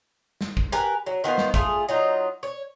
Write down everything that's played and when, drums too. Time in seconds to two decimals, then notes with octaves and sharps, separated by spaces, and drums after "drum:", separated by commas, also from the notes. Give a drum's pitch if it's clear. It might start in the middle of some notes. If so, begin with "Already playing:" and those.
0.41 drum: snare
0.57 drum: kick
0.72 G4 A#4 B4 G#5
1.07 F#3
1.24 D#3 B3 F4 C5
1.38 drum: snare
1.54 A3 F4 G#4, drum: kick
1.88 F#3 D#4 F4
2.43 C#5